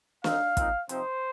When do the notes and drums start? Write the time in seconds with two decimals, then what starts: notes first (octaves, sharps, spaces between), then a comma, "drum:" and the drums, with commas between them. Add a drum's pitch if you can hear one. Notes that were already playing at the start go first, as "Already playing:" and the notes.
0.24 D#3 C4 D#4 F5, drum: snare
0.57 A#2 F3 C4 D#4, drum: kick, hi-hat
0.89 C3 F3 C4 D#4 C5, drum: hi-hat